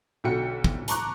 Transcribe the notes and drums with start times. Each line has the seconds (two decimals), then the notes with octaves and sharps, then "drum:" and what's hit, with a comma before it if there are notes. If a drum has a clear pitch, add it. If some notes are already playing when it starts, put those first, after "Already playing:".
0.24 B1 D3 F#4 G5 C#7
0.64 drum: kick
0.88 A5 A#5 C#6 D6 F#6, drum: hi-hat